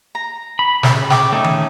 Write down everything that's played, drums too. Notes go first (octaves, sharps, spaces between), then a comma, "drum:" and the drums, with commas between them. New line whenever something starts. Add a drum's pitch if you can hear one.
A#5
B5
C#3, drum: snare
G5 C#6 D6, drum: snare
A3 C#4 D#4
drum: tom D#3